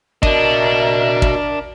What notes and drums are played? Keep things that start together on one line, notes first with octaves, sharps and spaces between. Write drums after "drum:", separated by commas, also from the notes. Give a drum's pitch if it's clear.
D4 F#4 A#4 D#5 E5, drum: kick
drum: kick